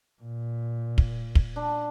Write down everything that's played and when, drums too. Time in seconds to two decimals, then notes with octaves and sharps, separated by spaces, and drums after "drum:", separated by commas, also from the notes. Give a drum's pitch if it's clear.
0.22 A#2
0.98 drum: kick
1.35 drum: kick
1.56 D4